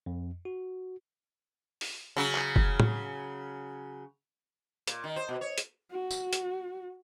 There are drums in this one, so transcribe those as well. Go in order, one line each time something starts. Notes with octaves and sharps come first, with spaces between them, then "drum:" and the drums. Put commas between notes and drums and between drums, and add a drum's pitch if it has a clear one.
F2
F#4
drum: open hi-hat
C#3 F#3
drum: clap
drum: kick
drum: tom A2
A#2, drum: hi-hat
D#3
C5
B2
C#5
drum: hi-hat
F#4
drum: tambourine
drum: hi-hat